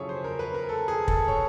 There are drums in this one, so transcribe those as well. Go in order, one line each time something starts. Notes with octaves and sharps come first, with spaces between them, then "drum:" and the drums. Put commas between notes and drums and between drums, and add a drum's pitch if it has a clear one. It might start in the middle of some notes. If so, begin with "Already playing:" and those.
Already playing: F#2 C#3 F3 E4 G#4 A4 C#5
C5
A#4
B4
A#4
A4
G#4
A4, drum: kick
C#5